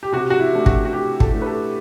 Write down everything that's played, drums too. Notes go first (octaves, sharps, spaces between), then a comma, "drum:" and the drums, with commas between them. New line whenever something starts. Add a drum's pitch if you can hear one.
G4
C3 F#4
F#4
E4
E3 A3 D4
F#4, drum: kick
F#4
C3 G4
A4, drum: kick
E3 A3 D4
B4
A4